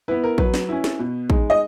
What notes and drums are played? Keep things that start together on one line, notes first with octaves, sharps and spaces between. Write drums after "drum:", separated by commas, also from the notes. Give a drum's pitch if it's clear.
B3 E4 B4
A#4
F#3 B4, drum: kick
drum: snare
C#4 E4
drum: snare
B2
G#3 D#4, drum: kick
D#5